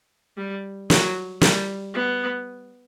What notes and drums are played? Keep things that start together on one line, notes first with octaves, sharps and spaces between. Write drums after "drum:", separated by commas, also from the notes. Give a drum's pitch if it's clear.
G3
F#3, drum: snare
G3, drum: snare
B3